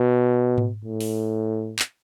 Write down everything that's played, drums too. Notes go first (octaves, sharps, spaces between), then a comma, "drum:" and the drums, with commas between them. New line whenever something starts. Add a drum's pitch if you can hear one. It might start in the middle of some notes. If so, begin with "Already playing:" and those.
Already playing: B2
drum: tom G#2
A2
drum: open hi-hat
drum: clap